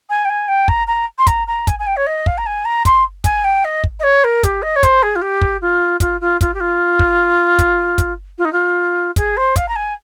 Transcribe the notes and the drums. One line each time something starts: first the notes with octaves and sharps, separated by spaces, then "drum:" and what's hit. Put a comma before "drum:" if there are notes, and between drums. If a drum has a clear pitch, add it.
G#5
G5
G#5
G5
A#5, drum: kick
A#5
C6
A#5, drum: kick, hi-hat
A#5
G#5, drum: kick, hi-hat
G#5
G5
C#5
D#5
F5, drum: kick
A#5
G#5
A#5
C6, drum: kick, hi-hat
G#5, drum: kick, hi-hat
G5
D#5
drum: kick
D#5
C#5
A#4
G4, drum: kick, hi-hat
D#5
C#5
C5, drum: kick, hi-hat
G#4
F4
G4
drum: kick
F4
F4, drum: kick, hi-hat
F4
F4, drum: kick, hi-hat
G4
F4
drum: kick
drum: kick, hi-hat
drum: kick, hi-hat
F4
D#4
F4
G#4, drum: kick, hi-hat
C5
F5, drum: kick, hi-hat
A#5
G#5